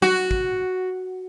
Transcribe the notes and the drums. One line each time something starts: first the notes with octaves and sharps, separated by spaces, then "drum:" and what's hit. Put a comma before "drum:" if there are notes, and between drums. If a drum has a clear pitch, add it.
F#4, drum: tom F#3
drum: kick